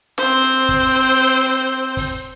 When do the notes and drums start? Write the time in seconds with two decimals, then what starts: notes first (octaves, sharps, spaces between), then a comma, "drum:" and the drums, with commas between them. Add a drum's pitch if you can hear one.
0.18 C4 C5, drum: snare
0.43 drum: hi-hat
0.69 drum: kick, hi-hat
0.95 drum: hi-hat
1.20 drum: hi-hat
1.46 drum: hi-hat
1.97 drum: kick, open hi-hat